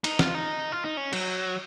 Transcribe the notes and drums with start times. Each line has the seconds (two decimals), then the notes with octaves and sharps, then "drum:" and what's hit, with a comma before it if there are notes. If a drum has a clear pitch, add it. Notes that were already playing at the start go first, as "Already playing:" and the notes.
0.04 D#4, drum: cymbal
0.19 F4, drum: snare
0.35 D#4
0.72 F4
0.85 D#4
0.97 C#4
1.13 F#3, drum: cymbal